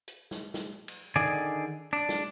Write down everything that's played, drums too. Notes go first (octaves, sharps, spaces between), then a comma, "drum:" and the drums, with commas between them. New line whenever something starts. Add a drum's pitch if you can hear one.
drum: hi-hat
drum: snare
drum: snare
drum: cymbal
D3 D#3 G#4 D5 G#5
D4
drum: snare